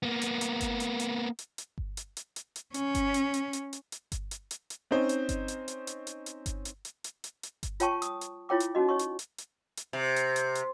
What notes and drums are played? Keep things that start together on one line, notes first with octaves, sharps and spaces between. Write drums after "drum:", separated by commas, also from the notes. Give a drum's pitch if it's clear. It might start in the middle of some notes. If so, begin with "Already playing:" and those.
A#3 B3
drum: hi-hat
drum: hi-hat
drum: kick G1, hi-hat
drum: hi-hat
drum: hi-hat
drum: hi-hat
drum: hi-hat
drum: kick G1
drum: hi-hat
drum: hi-hat
drum: hi-hat
drum: hi-hat
C#4, drum: hi-hat
drum: kick G1, hi-hat
drum: hi-hat
drum: hi-hat
drum: hi-hat
drum: hi-hat
drum: hi-hat
drum: kick G1, hi-hat
drum: hi-hat
drum: hi-hat
drum: hi-hat
C4 C#4 D#4 C5
drum: hi-hat
drum: kick G1, hi-hat
drum: hi-hat
drum: hi-hat
drum: hi-hat
drum: hi-hat
drum: hi-hat
drum: kick G1, hi-hat
drum: hi-hat
drum: hi-hat
drum: hi-hat
drum: hi-hat
drum: hi-hat
drum: kick G1, hi-hat
F4 C#5 G5 A5 C#6, drum: hi-hat
D#6, drum: hi-hat
drum: hi-hat
E4 F4 C#5 G5 D6
drum: hi-hat
C#4 D#4 F#4 D#5
C#5 D#5 C#6
drum: hi-hat
drum: hi-hat
drum: hi-hat
drum: hi-hat
C3
drum: hi-hat
drum: hi-hat
drum: hi-hat